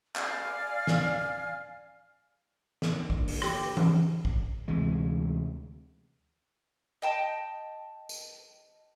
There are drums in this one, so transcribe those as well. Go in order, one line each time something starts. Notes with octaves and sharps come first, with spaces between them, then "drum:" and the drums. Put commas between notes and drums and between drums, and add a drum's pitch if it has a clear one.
D5 F5 G#5 F6, drum: clap
drum: snare
drum: snare
A#3
D3, drum: kick
A#3, drum: open hi-hat
G4, drum: rim click
B4
drum: tom E3
drum: kick
D2 C3 E3 G#3
D#5 G5 A5
drum: tambourine